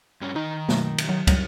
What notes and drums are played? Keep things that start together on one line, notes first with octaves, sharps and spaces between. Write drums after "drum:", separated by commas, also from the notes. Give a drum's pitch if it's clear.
G2 C#4
D#3 D#4 D#5
B2 F#3 A3, drum: snare
drum: cymbal
F#3
F#3 G3, drum: kick, cymbal